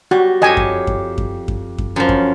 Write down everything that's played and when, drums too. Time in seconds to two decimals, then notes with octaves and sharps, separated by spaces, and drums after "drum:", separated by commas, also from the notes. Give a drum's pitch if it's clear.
0.11 G3 F#4
0.42 F2 G4 C#5 D#5 G#5
0.57 drum: kick F#2
0.87 drum: kick F#2
1.18 drum: kick F#2
1.48 drum: kick F#2
1.78 drum: kick F#2
1.96 F#2 F3
2.09 drum: kick F#2